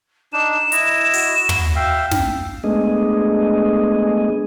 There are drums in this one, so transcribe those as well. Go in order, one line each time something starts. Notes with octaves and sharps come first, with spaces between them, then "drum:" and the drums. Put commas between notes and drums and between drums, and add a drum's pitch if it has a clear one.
D4 D#4 E7
E4 D#5, drum: hi-hat
F#4, drum: open hi-hat
drum: tom
E5 F5 G5
drum: snare
G#3 A3 B3 D4 G#4 D#5